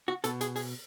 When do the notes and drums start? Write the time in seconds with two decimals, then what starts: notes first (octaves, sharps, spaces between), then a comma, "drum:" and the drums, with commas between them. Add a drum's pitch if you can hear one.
0.08 F#4
0.24 B2 A4, drum: hi-hat
0.41 G#4, drum: hi-hat
0.56 G#4, drum: open hi-hat